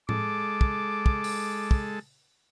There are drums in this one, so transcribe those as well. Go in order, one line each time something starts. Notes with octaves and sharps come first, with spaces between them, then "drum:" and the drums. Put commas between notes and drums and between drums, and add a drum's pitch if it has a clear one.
G#3 A4 D6, drum: tom A2
drum: kick
drum: kick
drum: open hi-hat
drum: kick